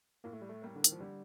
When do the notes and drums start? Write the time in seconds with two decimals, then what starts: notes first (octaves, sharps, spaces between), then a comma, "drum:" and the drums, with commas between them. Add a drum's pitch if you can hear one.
0.24 A2 A#3
0.33 A3
0.42 G3
0.49 A3
0.62 G3 A#3
0.76 D3
0.84 D#3, drum: hi-hat
0.92 F3
1.00 D3 G3